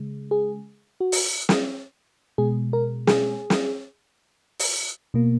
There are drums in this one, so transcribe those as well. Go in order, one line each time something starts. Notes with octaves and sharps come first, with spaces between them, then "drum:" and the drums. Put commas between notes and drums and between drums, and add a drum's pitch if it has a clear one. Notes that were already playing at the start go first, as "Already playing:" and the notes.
Already playing: C#3 G#3
G#4
F#4
drum: open hi-hat
drum: snare
B2 G#3 G#4
A#4
G#4, drum: snare
drum: snare
drum: open hi-hat
B2 A#3